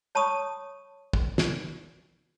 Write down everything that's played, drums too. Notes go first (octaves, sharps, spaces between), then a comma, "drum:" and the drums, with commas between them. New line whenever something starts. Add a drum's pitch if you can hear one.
C#5 A5 B5 C#6 D#6
drum: kick
drum: snare